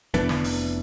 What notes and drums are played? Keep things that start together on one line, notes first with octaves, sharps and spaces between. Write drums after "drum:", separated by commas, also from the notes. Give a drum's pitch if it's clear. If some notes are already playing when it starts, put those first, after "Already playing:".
F1 E3 B3 D4, drum: hi-hat
drum: snare
drum: open hi-hat